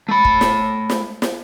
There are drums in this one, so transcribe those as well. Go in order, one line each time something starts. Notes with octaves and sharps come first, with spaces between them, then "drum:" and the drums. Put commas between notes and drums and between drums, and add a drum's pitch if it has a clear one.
A3 B5
drum: kick
drum: snare
drum: snare
drum: snare